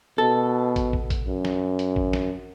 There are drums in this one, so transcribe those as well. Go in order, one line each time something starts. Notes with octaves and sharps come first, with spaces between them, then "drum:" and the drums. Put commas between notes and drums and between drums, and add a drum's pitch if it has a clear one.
B2 A4
drum: kick, hi-hat
drum: kick
drum: kick, hi-hat
F#2
drum: snare
drum: hi-hat
drum: kick
drum: snare